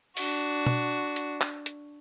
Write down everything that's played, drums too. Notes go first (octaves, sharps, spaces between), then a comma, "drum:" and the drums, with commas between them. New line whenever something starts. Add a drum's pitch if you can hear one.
D4 F#4, drum: open hi-hat
drum: tom
drum: hi-hat
drum: clap
drum: hi-hat